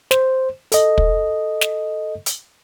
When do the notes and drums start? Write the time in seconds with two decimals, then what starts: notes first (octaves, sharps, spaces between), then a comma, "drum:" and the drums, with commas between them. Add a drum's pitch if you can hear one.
0.11 C5, drum: snare
0.72 A4 D#5, drum: hi-hat
0.98 drum: kick
1.61 drum: snare
2.26 drum: hi-hat